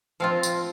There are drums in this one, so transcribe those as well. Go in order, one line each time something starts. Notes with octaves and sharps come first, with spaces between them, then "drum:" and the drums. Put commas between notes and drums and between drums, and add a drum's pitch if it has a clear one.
F3 C4 F4 F5
drum: tambourine